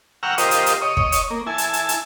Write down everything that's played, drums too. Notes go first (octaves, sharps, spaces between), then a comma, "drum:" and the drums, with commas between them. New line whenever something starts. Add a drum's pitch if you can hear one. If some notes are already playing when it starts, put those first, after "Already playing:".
F#5 G5 A#5 C#6 E6 F6
F4 G4 A#4 C5 D#5, drum: hi-hat
drum: hi-hat
drum: hi-hat
C#5 D#5
drum: kick
drum: hi-hat
A#3
E4 G#5 A5
drum: hi-hat
drum: hi-hat
drum: hi-hat